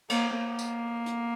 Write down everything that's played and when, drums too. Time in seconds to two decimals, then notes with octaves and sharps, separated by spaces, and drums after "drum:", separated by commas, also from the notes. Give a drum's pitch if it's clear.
0.10 A#3, drum: cymbal
0.37 A#3
0.59 drum: tambourine
1.06 drum: hi-hat